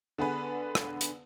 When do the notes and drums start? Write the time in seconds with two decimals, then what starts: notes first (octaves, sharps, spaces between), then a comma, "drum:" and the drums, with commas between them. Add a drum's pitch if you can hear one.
0.18 D3 B3 G#4 B4
0.75 drum: rim click
1.01 drum: hi-hat